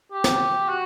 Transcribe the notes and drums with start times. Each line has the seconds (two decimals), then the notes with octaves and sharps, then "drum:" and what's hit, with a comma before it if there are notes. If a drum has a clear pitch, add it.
0.12 G4
0.24 drum: snare
0.68 F#4